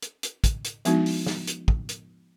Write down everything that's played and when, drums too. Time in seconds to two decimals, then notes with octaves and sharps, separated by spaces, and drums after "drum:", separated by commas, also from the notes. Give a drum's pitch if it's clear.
0.02 drum: hi-hat
0.23 drum: hi-hat
0.44 drum: kick, hi-hat
0.64 drum: hi-hat
0.85 F3 G#3 B3 D4 D#4 F#4, drum: hi-hat
1.06 drum: open hi-hat
1.27 drum: snare
1.47 drum: hi-hat
1.68 drum: kick
1.89 drum: hi-hat